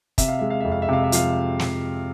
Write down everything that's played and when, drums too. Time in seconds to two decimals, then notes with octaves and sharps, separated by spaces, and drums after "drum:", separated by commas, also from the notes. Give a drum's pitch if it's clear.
0.18 C3 E5, drum: kick, hi-hat
0.28 F5
0.39 G#3 E5
0.50 F5
0.60 F2 E5
0.72 F5
0.82 E5
0.89 C3 F5
1.04 E5
1.12 F3 F5, drum: hi-hat
1.59 drum: snare